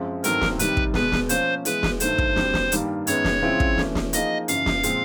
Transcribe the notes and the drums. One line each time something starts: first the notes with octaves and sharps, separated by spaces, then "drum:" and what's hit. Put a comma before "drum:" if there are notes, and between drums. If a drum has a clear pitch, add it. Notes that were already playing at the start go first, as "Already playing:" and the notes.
Already playing: F#2 F3 G#3 C4
G2 D#3 F#3 A3 C4 A#4, drum: hi-hat
drum: snare
C3 D#3 G3 B4, drum: hi-hat
drum: kick
B2 G#3 B3 B4, drum: snare
drum: snare
F3 A#3 C#4 C5, drum: hi-hat
E3 G#3 B3 B4, drum: hi-hat
drum: snare
G2 D#3 F#3 A3 C5, drum: hi-hat
drum: kick
F2 D3 G3, drum: snare
drum: snare
G2 D#3 G3 A#3, drum: hi-hat
F#2 D#3 G#3 B3 C#5, drum: hi-hat
drum: snare
C#3 F3 G#3 C4 E4
drum: kick
E3 A3 C#4, drum: snare
drum: snare
F3 A#3 D#4 G#4 D#5, drum: hi-hat
F#2 C#3 E3 F5, drum: hi-hat
drum: snare
A#2 F3 G#3 C4, drum: hi-hat